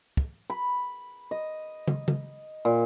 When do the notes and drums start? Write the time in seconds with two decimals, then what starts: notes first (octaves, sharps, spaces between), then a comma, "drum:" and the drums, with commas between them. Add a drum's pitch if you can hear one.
0.17 drum: kick
0.50 B5
1.31 D#5
1.88 drum: tom
2.08 drum: tom
2.65 A#2